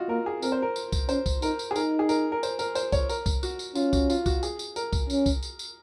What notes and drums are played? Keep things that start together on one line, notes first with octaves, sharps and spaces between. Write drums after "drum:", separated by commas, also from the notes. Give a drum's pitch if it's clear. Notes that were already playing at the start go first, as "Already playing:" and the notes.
Already playing: F4 F#4 D#5
A#3 A#4
G#4
C4 A#4, drum: tambourine
C5
A#4
drum: tambourine
drum: kick C2, tambourine
C#4 C5, drum: tambourine
drum: kick C2, tambourine
D#4 A#4, drum: tambourine
drum: tambourine
G#4
D#4 A#4, drum: tambourine
G#4
A#4, drum: tambourine
A#4
C5, drum: tambourine
A#4, drum: tambourine
C5, drum: tambourine
C#5, drum: kick C2, tambourine
A#4, drum: tambourine
drum: kick C2, tambourine
F#4, drum: tambourine
drum: tambourine
C#4 F4, drum: tambourine
F#4, drum: kick C2, tambourine
F4, drum: tambourine
F#4, drum: kick C2, tambourine
G#4, drum: tambourine
drum: tambourine
A#4, drum: tambourine
drum: kick C2, tambourine
C#4, drum: tambourine
drum: kick C2, tambourine
drum: tambourine
drum: tambourine